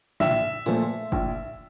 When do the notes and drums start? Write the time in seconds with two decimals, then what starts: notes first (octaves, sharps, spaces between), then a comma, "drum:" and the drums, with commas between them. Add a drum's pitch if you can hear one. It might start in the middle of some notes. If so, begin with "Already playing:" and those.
0.20 A#1 E5, drum: tom
0.66 A#2 F3 A3, drum: open hi-hat
1.12 A#1, drum: kick